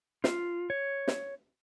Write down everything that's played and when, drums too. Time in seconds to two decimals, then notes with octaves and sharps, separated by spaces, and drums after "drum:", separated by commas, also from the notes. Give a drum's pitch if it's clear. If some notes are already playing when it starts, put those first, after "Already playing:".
0.24 F4, drum: snare
0.70 C#5
1.08 drum: snare